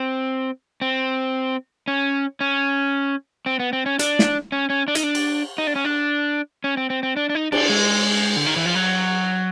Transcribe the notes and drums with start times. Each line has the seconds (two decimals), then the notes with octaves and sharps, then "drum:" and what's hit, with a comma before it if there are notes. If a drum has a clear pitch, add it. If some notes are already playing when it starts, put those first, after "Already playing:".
Already playing: C4
0.81 C4
1.88 C#4
2.41 C#4
3.46 C4
3.60 B3
3.73 C4
3.86 C#4
3.99 D4, drum: hi-hat
4.19 drum: snare
4.52 C#4
4.70 C#4
4.88 D4
4.95 D#4, drum: hi-hat
5.03 D4
5.15 drum: cymbal
5.58 D#4
5.67 D4
5.76 C#4
5.85 D4
6.64 C#4
6.77 C4
6.90 C4
7.03 C4
7.17 D4
7.29 D4
7.35 D#4
7.52 D4, drum: cymbal
7.69 G#3
8.36 D3
8.46 D#3
8.56 E3
8.66 F3
8.75 F#3